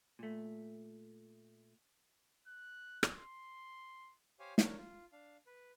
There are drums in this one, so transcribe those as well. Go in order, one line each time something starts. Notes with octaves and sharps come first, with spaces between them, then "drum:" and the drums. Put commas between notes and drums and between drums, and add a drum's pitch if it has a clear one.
A#2 A3
F#6
drum: rim click
C6
G4 C5 C#5 F5 G#5
D4 A#4 C#5, drum: snare
F4
D4 F5
B4